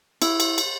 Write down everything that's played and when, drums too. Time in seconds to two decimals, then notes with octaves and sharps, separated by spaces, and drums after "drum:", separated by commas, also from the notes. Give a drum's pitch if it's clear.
0.22 E4, drum: cymbal
0.40 drum: cymbal
0.58 drum: cymbal